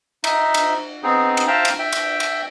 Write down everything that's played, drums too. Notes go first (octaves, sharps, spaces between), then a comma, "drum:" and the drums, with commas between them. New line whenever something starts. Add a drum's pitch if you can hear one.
D#4 E5, drum: cymbal
drum: cymbal
B3 C4 D#4 G#4
drum: cymbal
C5 E5 F5 G5 A5 A#5
drum: cymbal
E5 G5
drum: cymbal
drum: cymbal